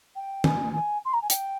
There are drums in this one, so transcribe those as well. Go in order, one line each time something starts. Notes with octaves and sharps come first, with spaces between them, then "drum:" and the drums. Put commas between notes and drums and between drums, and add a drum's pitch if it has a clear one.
G5
G#5, drum: tom
G#5
C6
A#5
G#5
G5, drum: hi-hat